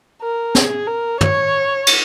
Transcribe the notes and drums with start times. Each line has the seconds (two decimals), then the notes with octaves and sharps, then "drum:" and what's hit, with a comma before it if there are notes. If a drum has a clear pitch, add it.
0.22 A#4
0.55 G#4, drum: snare
0.87 A#4
1.21 C#5, drum: tom
1.87 drum: cymbal